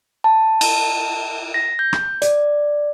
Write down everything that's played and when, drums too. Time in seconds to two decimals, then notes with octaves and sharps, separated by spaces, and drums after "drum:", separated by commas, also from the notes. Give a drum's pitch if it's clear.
0.24 A5
0.61 drum: cymbal
1.54 A#6
1.79 G6
1.93 drum: rim click
2.22 D5, drum: hi-hat